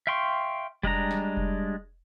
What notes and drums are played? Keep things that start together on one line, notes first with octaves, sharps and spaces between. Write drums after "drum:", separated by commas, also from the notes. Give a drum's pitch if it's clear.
E5 F5 G5 C6 C#6
G3 G#3 D4 A#5, drum: kick F1
drum: snare
drum: kick F1